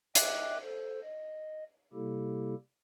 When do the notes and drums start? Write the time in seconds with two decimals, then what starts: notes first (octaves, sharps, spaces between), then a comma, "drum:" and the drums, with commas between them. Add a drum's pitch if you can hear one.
0.15 D#5 E5 G5 D6 F#6, drum: hi-hat
0.62 A4 C5
1.02 D#5
1.93 C3 G3 A#3 E4 G4 A4